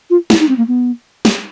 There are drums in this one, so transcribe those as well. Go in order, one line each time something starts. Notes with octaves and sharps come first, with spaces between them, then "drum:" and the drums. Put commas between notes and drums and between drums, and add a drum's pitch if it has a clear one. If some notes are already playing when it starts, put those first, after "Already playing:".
F4
E4, drum: snare
D#4
C4
A#3
B3
drum: snare